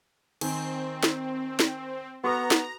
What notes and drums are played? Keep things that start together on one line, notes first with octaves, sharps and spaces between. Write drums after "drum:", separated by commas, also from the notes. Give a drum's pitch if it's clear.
D#3 C4 G#5, drum: cymbal
drum: snare
drum: snare
B3 F#4 A4 B4 A#5 C#6 F#6
drum: snare